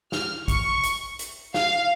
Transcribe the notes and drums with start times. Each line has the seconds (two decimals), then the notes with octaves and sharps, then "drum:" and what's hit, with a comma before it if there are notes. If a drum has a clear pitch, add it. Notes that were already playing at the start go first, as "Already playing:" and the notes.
0.12 F6, drum: snare
0.48 C#6, drum: kick, hi-hat
0.83 drum: hi-hat
1.19 drum: hi-hat
1.54 F5, drum: snare